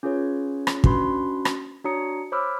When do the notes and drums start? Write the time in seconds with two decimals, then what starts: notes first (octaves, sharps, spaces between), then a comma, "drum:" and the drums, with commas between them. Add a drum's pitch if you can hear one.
0.03 C#4 F4 G#4 B4 C#5
0.67 drum: rim click
0.84 C#4 D4 F#4 B4 B5 C6, drum: kick
1.45 drum: rim click
1.84 D4 F#4 C#5 A#5 D#6 C#7
2.32 C5 C#5 B5 D6 E6 F6